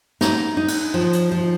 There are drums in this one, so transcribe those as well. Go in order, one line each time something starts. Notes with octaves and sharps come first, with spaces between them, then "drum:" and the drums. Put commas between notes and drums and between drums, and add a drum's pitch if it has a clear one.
D#4, drum: snare
D#4
drum: cymbal
F3
drum: hi-hat
F3